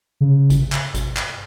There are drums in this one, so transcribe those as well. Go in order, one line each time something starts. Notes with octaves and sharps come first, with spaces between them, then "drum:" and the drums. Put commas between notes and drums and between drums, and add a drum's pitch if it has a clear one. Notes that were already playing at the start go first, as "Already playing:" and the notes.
C#3
drum: kick G#1, hi-hat
drum: clap
drum: kick G#1, hi-hat
drum: clap